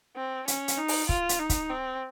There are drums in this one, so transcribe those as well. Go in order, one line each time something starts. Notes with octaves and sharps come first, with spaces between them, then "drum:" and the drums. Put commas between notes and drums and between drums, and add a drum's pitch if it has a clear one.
C4
C#4, drum: hi-hat
drum: hi-hat
D#4
drum: open hi-hat
F4, drum: kick
drum: hi-hat
D#4
drum: kick, hi-hat
C4